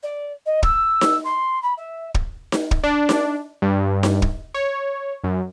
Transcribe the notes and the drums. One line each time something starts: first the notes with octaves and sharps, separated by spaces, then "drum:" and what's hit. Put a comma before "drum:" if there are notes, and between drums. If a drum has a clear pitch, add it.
D5
D#5
E6, drum: kick
drum: snare D#4
C6
B5
E5
drum: kick
drum: snare D#4
drum: kick
D4
drum: snare D#4
G2
drum: snare D#4
drum: kick
C#5
F#2